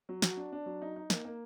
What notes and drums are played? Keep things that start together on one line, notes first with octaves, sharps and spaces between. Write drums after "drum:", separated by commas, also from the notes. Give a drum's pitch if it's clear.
F#3
F#4, drum: snare
D4
D4
F#3
D#4
D#4
A#3, drum: snare
A#3